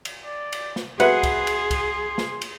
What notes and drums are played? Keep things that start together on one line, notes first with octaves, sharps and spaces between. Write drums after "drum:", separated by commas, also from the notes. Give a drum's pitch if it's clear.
drum: cymbal
D5
drum: cymbal
drum: snare
F#4 G#4 B4 E5 F#5 C6, drum: cymbal
drum: kick C2, cymbal
drum: cymbal
drum: kick C2, cymbal
drum: snare
drum: cymbal